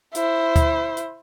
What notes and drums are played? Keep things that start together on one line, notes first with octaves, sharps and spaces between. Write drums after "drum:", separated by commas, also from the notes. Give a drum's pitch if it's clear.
E4 C5, drum: hi-hat
drum: kick D2, hi-hat
drum: hi-hat